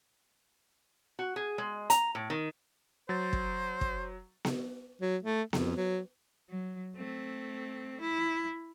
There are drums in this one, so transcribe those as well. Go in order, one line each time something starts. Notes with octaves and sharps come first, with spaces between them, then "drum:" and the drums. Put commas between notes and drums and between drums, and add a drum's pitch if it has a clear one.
F#4
G#4
G#3
A#5, drum: hi-hat
A2
D#3
F#3 C5 A6
drum: kick
drum: kick
drum: snare B3
F#3
A3
F2, drum: snare B3
F#3
F#3
A3 C4
E4